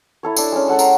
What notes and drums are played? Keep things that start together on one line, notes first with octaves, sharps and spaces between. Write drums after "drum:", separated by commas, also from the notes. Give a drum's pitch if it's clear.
E4 A4 C#5
D4 A4, drum: tambourine
G#3 C#4
G#3 A4 F#5 A5
A#5 C6, drum: tambourine